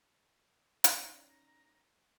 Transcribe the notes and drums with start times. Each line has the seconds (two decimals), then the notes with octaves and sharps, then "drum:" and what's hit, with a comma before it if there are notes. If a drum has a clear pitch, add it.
0.84 C#4 D#4 D5 A#5, drum: hi-hat